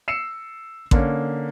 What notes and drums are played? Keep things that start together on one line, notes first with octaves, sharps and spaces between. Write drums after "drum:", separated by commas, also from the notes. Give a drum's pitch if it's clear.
E6 C7 C#7 E7
D3 A#3 C#4, drum: kick A1